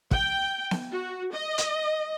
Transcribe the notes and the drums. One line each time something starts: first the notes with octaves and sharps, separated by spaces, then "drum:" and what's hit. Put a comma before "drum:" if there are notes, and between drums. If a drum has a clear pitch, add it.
G5, drum: kick
drum: snare B3
F#4
D#5
drum: hi-hat